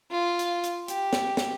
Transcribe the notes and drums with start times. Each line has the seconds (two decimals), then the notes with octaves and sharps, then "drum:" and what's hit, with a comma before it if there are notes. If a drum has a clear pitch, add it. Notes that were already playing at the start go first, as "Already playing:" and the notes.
0.11 F4
0.39 drum: hi-hat
0.63 drum: hi-hat
0.88 G4, drum: hi-hat
1.13 drum: snare
1.37 drum: snare